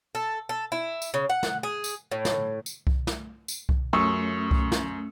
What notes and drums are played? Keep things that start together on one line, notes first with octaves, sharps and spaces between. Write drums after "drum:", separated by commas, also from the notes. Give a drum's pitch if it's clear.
A4
A4
E4
drum: tambourine
C#3
F#5
drum: snare
G#4
drum: tambourine
A2
drum: snare
drum: tambourine
drum: kick C2
drum: snare
drum: tambourine
drum: kick C2
F#2 A3 C#4 C#6 D#6 E6
drum: kick C2
drum: snare